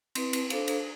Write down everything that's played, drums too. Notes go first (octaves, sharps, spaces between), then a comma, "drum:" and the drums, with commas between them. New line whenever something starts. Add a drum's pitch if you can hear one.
C4 E4 B4, drum: cymbal
drum: cymbal
D4 A4 C5 F5, drum: cymbal
drum: cymbal